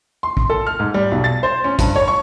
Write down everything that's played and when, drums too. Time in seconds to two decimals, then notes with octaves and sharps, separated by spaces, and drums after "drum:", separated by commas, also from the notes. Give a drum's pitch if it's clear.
0.23 C6
0.37 drum: kick
0.50 A4
0.67 F6
0.79 G#2
0.94 G3
1.11 B1
1.24 A6
1.43 C5
1.64 C#4
1.79 G2, drum: kick, hi-hat
1.96 C#5
2.08 C#6